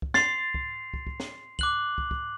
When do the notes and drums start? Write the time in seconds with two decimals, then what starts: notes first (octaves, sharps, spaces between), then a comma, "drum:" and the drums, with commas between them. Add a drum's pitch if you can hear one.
0.02 drum: kick
0.14 C6 A6 C7 F7, drum: snare
0.54 drum: kick
0.94 drum: kick
1.07 drum: kick
1.20 drum: snare
1.59 D6 F#6 F#7, drum: kick
1.98 drum: kick
2.11 drum: kick